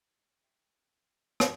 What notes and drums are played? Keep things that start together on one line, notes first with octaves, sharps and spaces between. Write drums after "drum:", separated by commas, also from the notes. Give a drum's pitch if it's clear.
E4 G#4 G5 C#6
drum: rim click